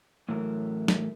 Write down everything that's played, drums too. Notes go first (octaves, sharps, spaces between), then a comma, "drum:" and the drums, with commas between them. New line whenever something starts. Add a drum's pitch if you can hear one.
A2 E3 F#3 A3 E4 A#4
drum: snare